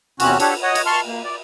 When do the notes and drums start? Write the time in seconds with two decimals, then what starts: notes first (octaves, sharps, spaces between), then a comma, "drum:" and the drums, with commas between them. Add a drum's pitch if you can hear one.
0.20 E2 C3 C4 C#4 F#4 F#6, drum: cymbal
0.40 D4 G4 A4 C#5 F#5, drum: cymbal
0.62 C#5 D#5 F#5 D#6
0.75 drum: cymbal
0.86 A5 C6 C#6 F6
1.06 A#3
1.25 D5